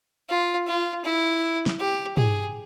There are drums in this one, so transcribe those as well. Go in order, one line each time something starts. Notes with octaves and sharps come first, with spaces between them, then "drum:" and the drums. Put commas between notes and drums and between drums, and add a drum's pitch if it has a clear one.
F4
F4
E4
drum: snare
G4
G#4, drum: tom